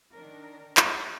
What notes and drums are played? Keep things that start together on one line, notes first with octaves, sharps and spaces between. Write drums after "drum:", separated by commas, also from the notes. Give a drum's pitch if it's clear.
D#3 D4 A#4
drum: clap